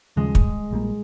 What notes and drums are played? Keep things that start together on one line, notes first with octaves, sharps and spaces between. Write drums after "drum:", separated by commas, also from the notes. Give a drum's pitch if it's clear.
D#2 C#3 F3 G#3
drum: kick
A#1 A#2 G3 A#3